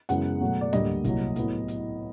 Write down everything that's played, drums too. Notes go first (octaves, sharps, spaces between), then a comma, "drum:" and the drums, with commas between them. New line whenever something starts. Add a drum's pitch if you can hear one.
F#2 C#3 E3 G#3 B3 F#5, drum: hi-hat
B2 F#3 A3
D5
D2 D3 G3 A#3 D#5, drum: tom
C2 A#2 F#3, drum: kick, hi-hat
A2 F#3 B3, drum: hi-hat
drum: hi-hat